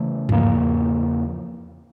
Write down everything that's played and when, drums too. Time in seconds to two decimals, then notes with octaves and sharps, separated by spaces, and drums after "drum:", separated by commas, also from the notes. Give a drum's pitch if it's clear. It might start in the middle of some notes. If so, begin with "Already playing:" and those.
Already playing: C#3 E3 A3
0.29 E2 C#3 F3 A#3, drum: tom G2